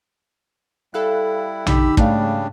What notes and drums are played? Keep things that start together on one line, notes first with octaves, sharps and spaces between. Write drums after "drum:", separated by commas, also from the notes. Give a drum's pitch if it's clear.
G3 E4 A4 F5 F#6
D3 D#4 G4 B5 E6, drum: tom A#1
G#2 C#3 G3 A3 D4 F5, drum: kick